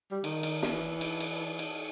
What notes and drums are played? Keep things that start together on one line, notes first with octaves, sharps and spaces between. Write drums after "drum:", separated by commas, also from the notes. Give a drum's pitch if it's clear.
G3
D#3, drum: cymbal
drum: cymbal
drum: snare
E3
drum: cymbal
drum: cymbal
drum: cymbal